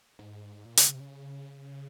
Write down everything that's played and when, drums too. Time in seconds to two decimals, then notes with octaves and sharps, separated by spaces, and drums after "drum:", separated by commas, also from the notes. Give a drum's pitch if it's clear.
0.19 G#2
0.66 A#2
0.77 C#3, drum: hi-hat
0.89 C#3
0.95 C3
1.00 C#3